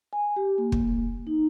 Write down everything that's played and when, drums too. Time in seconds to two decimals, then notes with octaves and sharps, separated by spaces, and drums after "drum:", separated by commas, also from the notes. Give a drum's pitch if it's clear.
0.13 G#5
0.36 G4
0.58 A#3
0.72 drum: kick
1.27 D#4